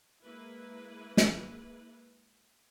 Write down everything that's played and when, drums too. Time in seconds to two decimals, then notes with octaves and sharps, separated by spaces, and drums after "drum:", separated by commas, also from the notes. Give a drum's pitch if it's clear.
0.23 G#3 A#3 E4 B4
1.17 drum: snare